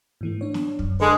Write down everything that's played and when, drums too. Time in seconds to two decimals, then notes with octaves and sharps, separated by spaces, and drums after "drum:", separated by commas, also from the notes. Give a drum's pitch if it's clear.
0.21 G#2 E3 A3
0.41 D4 C#5
0.54 drum: snare
0.79 F#2, drum: kick
1.00 D3 G#3 B4